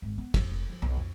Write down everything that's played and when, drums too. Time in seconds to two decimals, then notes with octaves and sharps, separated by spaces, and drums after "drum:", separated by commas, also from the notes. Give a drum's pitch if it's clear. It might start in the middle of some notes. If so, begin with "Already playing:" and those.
0.02 G#1
0.18 B3
0.34 F2, drum: kick, cymbal
0.49 F1
0.70 F3
0.82 B1
0.97 F2